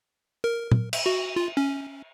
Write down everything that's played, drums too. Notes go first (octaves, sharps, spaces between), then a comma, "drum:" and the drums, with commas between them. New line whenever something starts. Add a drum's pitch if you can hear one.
A#4
drum: tom
drum: cymbal
F#4
F4
C#4